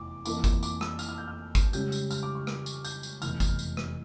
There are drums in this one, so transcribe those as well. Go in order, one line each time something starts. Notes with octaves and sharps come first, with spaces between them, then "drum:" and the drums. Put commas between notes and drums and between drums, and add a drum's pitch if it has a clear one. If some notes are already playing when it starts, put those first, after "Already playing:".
Already playing: F1 E2 D6
F2 E3 A#3 E4 D6, drum: tambourine
drum: kick, tambourine
D6, drum: tambourine
E6, drum: rim click
F6, drum: tambourine
F6
G6
F6
drum: kick, tambourine
C#2 C#3 G3 C#4 G6, drum: tambourine
drum: tambourine
F6, drum: tambourine
D6
C#6
F6, drum: rim click
drum: tambourine
G6, drum: tambourine
drum: tambourine
F1 E2 E3 F6, drum: tambourine
drum: kick, tambourine
drum: tambourine
drum: rim click